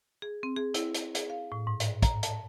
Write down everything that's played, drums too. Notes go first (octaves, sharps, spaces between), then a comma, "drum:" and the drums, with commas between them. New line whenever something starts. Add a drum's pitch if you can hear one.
G#4
C4
G#4
E4, drum: hi-hat
drum: hi-hat
G#4, drum: hi-hat
F5
A2
G#2
drum: hi-hat
A#5, drum: kick, hi-hat
A5, drum: hi-hat